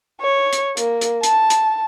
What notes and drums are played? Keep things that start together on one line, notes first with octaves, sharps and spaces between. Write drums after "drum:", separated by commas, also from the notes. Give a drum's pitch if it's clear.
C#5
drum: hi-hat
A#3, drum: hi-hat
drum: hi-hat
A5, drum: hi-hat
drum: hi-hat